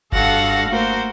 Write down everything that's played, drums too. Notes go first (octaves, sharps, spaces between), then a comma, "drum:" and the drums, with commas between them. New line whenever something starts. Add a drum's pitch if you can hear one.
G2 F#4 A4 F5 F#5 A#6, drum: kick F#1
A3 A#3 F#4 A#4 C5